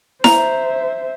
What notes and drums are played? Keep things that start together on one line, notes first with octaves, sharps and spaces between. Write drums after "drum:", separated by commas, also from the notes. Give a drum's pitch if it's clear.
C5 E5 A#5, drum: snare E4